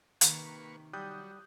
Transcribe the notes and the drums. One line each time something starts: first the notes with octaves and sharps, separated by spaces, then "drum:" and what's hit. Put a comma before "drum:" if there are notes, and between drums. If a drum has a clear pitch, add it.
C3 D#3 A#3 B4 C#6, drum: hi-hat
F#3 G3 D#6 F#6 G6